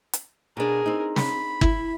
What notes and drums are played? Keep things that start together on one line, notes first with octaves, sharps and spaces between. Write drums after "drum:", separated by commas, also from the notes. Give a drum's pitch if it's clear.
drum: hi-hat
B2 D4 G#4 A#4
C4 D#4
B5, drum: snare
E4, drum: kick